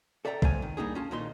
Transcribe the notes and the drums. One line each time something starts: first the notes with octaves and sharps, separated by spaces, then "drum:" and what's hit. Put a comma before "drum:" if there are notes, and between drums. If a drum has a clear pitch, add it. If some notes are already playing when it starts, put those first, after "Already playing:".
A4 D5 E5 G5 A#5
G#2 A3 C4 F4 C#5 G#5, drum: kick A#1
D#3
G3 A#3 D4 D#4 G4 G#4
C#4 F4 A5
D#2 A#2 A#3 D#4 C6